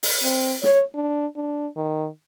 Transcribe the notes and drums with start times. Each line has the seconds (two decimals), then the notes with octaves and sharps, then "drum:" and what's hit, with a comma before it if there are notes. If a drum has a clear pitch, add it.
0.03 drum: open hi-hat
0.23 C4
0.63 C#5, drum: snare
0.94 D4
1.36 D4
1.77 D#3